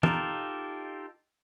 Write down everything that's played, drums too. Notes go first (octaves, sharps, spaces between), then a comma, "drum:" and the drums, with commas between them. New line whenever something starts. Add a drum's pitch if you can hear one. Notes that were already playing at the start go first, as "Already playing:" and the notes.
D#4 F4 G4 A4 A#4, drum: tom